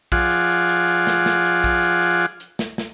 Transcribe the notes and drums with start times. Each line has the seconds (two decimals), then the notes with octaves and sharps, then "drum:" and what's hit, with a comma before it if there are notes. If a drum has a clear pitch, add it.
0.12 F3 F4 G#4 D5 F#5, drum: kick
0.31 drum: hi-hat
0.50 drum: hi-hat
0.69 drum: hi-hat
0.88 drum: hi-hat
1.07 drum: snare
1.26 drum: snare
1.45 drum: hi-hat
1.64 drum: kick, hi-hat
1.83 drum: hi-hat
2.02 drum: hi-hat
2.21 drum: hi-hat
2.40 drum: hi-hat
2.59 drum: snare
2.78 drum: snare